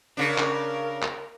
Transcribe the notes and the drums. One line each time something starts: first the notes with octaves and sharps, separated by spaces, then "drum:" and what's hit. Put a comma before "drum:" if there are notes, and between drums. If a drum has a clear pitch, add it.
C#3 D4 A#4
drum: clap
drum: clap